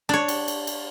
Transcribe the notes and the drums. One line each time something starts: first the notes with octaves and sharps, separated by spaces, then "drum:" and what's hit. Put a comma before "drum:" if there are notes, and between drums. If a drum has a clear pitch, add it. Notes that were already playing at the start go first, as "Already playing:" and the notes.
D4 C#5
drum: cymbal
drum: cymbal
drum: cymbal